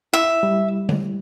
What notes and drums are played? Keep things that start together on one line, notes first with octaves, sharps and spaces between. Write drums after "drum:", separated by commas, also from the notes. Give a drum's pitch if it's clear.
E4 E5
G3
drum: tom D3